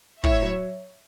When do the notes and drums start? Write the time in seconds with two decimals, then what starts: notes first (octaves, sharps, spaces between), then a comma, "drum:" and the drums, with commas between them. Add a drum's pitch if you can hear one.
0.24 A2 C#5 E5, drum: kick
0.42 F#3